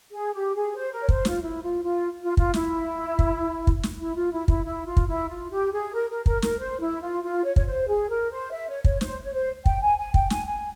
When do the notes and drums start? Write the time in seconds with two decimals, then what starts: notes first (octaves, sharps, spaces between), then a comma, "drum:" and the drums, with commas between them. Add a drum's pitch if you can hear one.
0.11 G#4
0.33 G4
0.55 G#4
0.76 C5
0.93 A#4
1.01 C#5
1.09 C5, drum: kick
1.25 F4, drum: snare
1.41 E4
1.63 F4
1.84 F4
2.22 F4
2.37 F4, drum: kick
2.54 E4, drum: snare
3.19 drum: kick
3.67 drum: kick
3.83 drum: snare
3.99 E4
4.16 F4
4.32 E4
4.48 E4, drum: kick
4.64 E4
4.86 F4
4.97 drum: kick
5.08 E4
5.29 F4
5.50 G4
5.72 G#4
5.93 A#4
6.10 A#4
6.26 A#4, drum: kick
6.42 A#4, drum: snare
6.59 C5
6.80 E4
7.02 F4
7.24 F4
7.44 C#5
7.56 C#5, drum: kick
7.66 C5
7.88 G#4
8.09 A#4
8.31 C5
8.52 E5
8.69 C#5
8.84 C#5, drum: kick
9.01 C5, drum: snare
9.24 C#5
9.33 C5
9.66 G5, drum: kick
9.82 G#5
9.98 G#5
10.14 G5, drum: kick
10.30 G#5, drum: snare
10.46 G#5